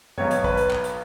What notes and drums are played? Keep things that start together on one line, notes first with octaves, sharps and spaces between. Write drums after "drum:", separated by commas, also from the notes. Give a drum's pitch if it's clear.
B1 B2 F#3 B3 C#5, drum: tom G2
drum: hi-hat
B4, drum: kick
drum: hi-hat
drum: clap
drum: hi-hat